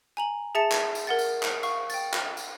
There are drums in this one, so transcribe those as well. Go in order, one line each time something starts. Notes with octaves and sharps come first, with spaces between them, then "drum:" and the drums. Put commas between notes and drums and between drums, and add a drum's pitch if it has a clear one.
G#5 A#5 F#7
G#4 E5 A5 A6 C#7 E7
drum: clap
drum: tambourine
A#4 F#5 A6
drum: tambourine
drum: clap
F5 C#6, drum: tambourine
G5 A6, drum: tambourine
drum: clap
drum: tambourine